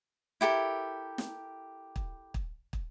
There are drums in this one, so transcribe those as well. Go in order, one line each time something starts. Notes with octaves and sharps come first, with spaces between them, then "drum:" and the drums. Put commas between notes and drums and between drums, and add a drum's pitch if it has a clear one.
E4 G4 A4 A#4
drum: snare
drum: kick
drum: kick
drum: kick